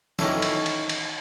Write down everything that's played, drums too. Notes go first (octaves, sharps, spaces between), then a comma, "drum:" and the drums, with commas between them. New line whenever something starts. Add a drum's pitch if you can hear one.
D#3 E3 C#4 E4 A4, drum: snare
drum: cymbal
drum: cymbal
drum: cymbal